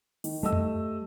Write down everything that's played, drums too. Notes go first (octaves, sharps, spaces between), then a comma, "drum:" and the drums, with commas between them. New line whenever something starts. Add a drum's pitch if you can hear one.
D#3, drum: open hi-hat
G3 A3 D#5 E6
drum: tom F2